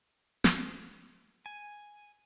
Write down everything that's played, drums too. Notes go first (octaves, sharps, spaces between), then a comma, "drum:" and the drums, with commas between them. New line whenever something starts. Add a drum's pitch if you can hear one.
drum: snare
G#5